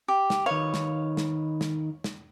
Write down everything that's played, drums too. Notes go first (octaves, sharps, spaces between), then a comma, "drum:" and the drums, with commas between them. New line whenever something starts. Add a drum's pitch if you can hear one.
G4
drum: snare
D#3 B4 C#5 F5
drum: snare
drum: snare
drum: snare
drum: snare